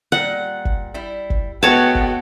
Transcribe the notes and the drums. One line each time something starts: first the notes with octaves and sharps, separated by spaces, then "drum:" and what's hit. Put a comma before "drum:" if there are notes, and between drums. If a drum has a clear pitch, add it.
A#2 G3 F#5
drum: kick
G3 E4
drum: kick
B2 G#3 A3 B3 F#4 C#5 G5 A5
drum: kick